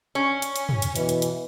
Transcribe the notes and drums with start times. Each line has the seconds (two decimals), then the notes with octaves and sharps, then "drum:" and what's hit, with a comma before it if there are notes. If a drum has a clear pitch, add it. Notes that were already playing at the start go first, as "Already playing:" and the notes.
0.15 C#4
0.42 drum: hi-hat
0.56 drum: hi-hat
0.69 drum: tom
0.82 drum: hi-hat
0.96 B2 E3, drum: hi-hat
1.09 drum: hi-hat
1.22 drum: hi-hat